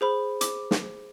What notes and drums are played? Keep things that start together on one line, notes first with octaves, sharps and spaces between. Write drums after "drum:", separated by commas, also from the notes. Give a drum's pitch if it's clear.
G#4 C5 B5
D6, drum: hi-hat
drum: snare